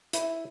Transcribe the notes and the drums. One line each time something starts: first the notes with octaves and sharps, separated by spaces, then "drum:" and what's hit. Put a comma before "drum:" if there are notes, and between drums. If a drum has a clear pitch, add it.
E4, drum: hi-hat